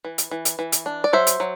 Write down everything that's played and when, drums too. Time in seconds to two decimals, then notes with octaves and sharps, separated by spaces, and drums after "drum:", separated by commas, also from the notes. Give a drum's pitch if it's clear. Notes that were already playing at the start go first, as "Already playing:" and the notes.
0.05 E3
0.18 drum: hi-hat
0.31 E3
0.45 drum: hi-hat
0.59 E3
0.72 drum: hi-hat
0.86 D4
1.04 D5
1.13 F#3 C5 E5
1.27 drum: hi-hat
1.40 F#3